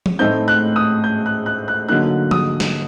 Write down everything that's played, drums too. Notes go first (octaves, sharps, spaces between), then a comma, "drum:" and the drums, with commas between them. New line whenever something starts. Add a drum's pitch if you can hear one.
drum: tom F3
A2 A3 C4 D#4 G6
F#6
D#6
G6
F#6
F#6
F#6
D3 F#3 A#3 D#4 F#6
D#6, drum: tom F3
drum: snare